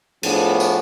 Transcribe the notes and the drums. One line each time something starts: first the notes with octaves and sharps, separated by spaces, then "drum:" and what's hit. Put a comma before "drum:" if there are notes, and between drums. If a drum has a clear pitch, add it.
A2 F3 B3 D4 G#4, drum: cymbal
drum: tambourine